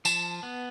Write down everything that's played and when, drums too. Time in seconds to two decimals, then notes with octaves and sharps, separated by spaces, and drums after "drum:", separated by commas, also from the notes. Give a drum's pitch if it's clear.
0.05 F3 A5, drum: tambourine
0.43 B3